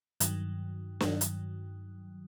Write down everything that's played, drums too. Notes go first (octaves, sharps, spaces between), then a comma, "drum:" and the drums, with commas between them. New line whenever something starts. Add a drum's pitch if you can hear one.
G2 D#3 F#3, drum: hi-hat
G2 D#3 F#3, drum: snare
drum: hi-hat